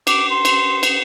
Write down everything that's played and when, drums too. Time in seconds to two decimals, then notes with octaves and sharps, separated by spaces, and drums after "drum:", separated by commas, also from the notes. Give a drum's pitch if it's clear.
0.07 D6, drum: cymbal
0.30 C6
0.45 drum: cymbal
0.83 drum: cymbal